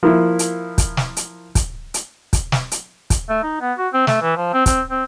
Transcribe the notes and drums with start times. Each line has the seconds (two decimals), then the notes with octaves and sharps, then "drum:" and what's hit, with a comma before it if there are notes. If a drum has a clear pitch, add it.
0.03 F3 A#3 E4
0.39 drum: hi-hat
0.78 drum: kick, hi-hat
0.97 drum: snare
1.17 drum: hi-hat
1.55 drum: kick, hi-hat
1.94 drum: hi-hat
2.33 drum: kick, hi-hat
2.52 drum: snare
2.72 drum: hi-hat
3.10 drum: kick, hi-hat
3.29 A3
3.43 D#4
3.61 B3
3.78 F#4
3.93 C4
4.07 A3, drum: snare
4.22 E3
4.37 F3
4.54 C4
4.66 C4, drum: kick, hi-hat
4.91 C4